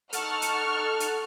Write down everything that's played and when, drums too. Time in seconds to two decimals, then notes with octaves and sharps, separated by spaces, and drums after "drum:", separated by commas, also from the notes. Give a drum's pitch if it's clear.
0.13 D#4 A4 F#5 A5 C#6 F6, drum: hi-hat
0.42 drum: hi-hat
1.00 drum: hi-hat